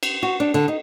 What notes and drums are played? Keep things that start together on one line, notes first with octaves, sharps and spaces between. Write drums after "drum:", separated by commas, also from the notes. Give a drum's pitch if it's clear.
drum: cymbal
F#4
D4
D3
D#4